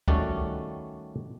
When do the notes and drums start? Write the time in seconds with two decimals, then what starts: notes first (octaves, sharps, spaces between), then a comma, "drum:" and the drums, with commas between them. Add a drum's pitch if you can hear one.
0.08 D#3 G3 A3 C#4 F#4 D5, drum: kick